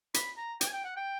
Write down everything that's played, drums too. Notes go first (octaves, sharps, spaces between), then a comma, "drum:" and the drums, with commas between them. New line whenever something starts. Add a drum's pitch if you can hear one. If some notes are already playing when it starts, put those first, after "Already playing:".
B5, drum: hi-hat
A#5
G5, drum: hi-hat
G#5
G5
F#5
G5